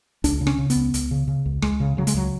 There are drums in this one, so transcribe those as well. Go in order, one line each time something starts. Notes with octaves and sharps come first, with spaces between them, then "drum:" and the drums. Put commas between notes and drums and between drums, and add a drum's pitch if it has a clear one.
C#2 D4, drum: hi-hat
C#3
C#4, drum: rim click
C#3
B3, drum: hi-hat
C#2
C#2, drum: hi-hat
C#3
C#3
C#2
C#2 G#3, drum: rim click
C#3
C#3 F#3
G#3, drum: hi-hat
C#2 F#3